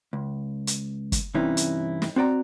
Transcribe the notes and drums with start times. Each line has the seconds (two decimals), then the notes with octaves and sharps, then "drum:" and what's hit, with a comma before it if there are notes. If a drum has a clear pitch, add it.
0.13 C#2
0.67 drum: hi-hat
1.12 drum: kick, hi-hat
1.34 G2 C3 E3 C#4 D#4 E4
1.57 drum: hi-hat
2.02 drum: snare
2.16 C4 F#4 D5 G5 A#5